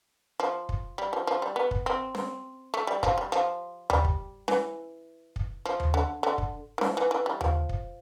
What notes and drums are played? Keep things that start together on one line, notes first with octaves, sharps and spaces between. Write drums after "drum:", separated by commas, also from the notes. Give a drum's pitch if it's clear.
F3
drum: kick
G3
F3
F3
G3
B3
drum: kick
C4
C4, drum: snare C#4
A3
G3
F3, drum: kick
G3
F3
G3, drum: tom D#2
drum: kick
E3, drum: snare C#4
drum: kick
F3
drum: tom D#2
D3
D3
drum: kick
E3
F3, drum: snare C#4
E3
E3
G3
F3, drum: tom D#2
drum: kick